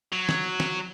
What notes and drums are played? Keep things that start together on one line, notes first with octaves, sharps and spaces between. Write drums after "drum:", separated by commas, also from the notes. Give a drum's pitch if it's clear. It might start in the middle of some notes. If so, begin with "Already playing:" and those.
F#3
drum: snare
drum: snare